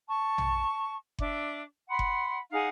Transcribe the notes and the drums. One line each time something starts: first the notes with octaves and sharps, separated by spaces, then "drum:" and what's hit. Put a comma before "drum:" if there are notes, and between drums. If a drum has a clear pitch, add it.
A5 C#6
drum: tom A#1
D4 E5 D6, drum: kick F#1
F#5 B5 C6
drum: kick F#1
D#4 G#4 F5 F#5